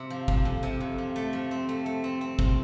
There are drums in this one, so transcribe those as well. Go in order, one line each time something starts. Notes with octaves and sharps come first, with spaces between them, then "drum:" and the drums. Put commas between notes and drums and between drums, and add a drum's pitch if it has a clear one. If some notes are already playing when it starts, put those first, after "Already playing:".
Already playing: C3
F3
F3, drum: kick
F2
C3
F2
F3
A3
F3
C4
A3
A3
C4
C4
C4, drum: kick